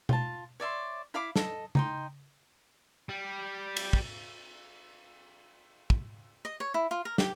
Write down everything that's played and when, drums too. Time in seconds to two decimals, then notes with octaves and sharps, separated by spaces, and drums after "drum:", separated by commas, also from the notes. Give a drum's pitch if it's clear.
0.09 F4 A5, drum: tom B2
0.60 C#5 D5 E5 C6
1.14 E4 F5 B5 D6
1.36 A4 D#5, drum: snare
1.75 D#4 G5 C6, drum: tom
3.09 G3
3.76 drum: cymbal
3.93 drum: kick
5.90 drum: kick
6.45 D#5
6.60 C#5
6.74 E4
6.91 F4
7.05 A#4
7.18 G4, drum: snare